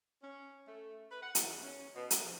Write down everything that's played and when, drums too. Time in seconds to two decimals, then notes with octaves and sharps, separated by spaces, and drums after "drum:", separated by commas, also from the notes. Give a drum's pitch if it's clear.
0.22 C#4
0.66 A3
1.11 B4
1.22 F#5
1.35 E2, drum: hi-hat
1.63 C#4
1.95 B2
2.10 A3, drum: hi-hat
2.23 F3